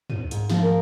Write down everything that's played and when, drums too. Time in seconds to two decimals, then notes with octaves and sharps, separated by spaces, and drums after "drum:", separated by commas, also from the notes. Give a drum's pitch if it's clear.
0.10 D#7, drum: tom
0.31 G#2, drum: hi-hat
0.50 F3, drum: snare
0.62 A#4